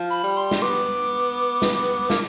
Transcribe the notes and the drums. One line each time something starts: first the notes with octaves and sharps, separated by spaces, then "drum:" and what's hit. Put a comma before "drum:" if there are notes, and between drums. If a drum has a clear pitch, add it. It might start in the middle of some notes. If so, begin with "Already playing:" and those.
Already playing: F3
B5
G3
C6
drum: snare
B3 D6
drum: snare
A#3, drum: snare